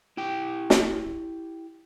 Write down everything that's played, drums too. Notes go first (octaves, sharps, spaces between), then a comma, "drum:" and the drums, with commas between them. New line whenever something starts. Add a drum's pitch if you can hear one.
E4 G4 G5
drum: snare